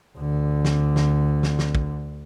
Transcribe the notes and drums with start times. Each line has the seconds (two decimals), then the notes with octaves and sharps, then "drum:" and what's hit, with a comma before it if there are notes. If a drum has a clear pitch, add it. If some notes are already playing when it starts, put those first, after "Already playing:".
0.18 D2 D3
0.65 drum: snare
0.96 drum: snare
1.43 drum: snare
1.59 drum: snare
1.75 drum: kick